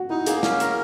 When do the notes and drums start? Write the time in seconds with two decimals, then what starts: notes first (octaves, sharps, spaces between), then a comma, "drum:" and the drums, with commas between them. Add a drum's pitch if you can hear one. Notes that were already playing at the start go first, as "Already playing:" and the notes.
Already playing: F#4
0.10 D#4 E4
0.26 A#3 G#4, drum: hi-hat
0.43 C#4, drum: snare
0.60 A#4, drum: hi-hat